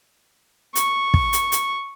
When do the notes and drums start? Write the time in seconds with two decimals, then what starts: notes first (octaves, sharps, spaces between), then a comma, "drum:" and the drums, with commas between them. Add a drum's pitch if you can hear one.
0.75 C#6, drum: hi-hat
1.14 drum: kick
1.33 drum: hi-hat
1.52 drum: hi-hat